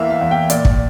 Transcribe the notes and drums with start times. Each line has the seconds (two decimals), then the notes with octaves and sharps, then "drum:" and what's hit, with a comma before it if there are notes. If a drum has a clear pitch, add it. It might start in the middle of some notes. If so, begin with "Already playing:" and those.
Already playing: E2 E3 A#3 E5 F5
0.10 F5
0.21 E2
0.31 G5
0.50 A#2 D5, drum: hi-hat
0.65 drum: kick